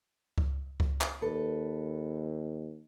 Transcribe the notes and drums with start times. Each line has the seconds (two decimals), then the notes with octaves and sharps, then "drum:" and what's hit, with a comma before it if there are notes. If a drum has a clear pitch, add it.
0.38 drum: kick C#2
0.80 drum: kick C#2
1.01 drum: clap
1.22 D#2 A4 B4